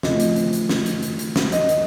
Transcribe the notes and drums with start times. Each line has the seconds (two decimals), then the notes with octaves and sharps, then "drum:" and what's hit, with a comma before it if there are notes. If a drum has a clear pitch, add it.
0.03 C#3 F3 A3 C4 D#5, drum: snare
0.20 drum: hi-hat
0.36 drum: hi-hat
0.53 drum: hi-hat
0.69 drum: snare
0.86 drum: hi-hat
1.03 drum: hi-hat
1.19 drum: hi-hat
1.36 drum: snare
1.52 D#5, drum: hi-hat
1.69 drum: hi-hat